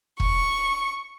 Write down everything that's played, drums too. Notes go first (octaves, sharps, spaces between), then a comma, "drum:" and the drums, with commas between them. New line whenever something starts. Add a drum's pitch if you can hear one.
C#6, drum: kick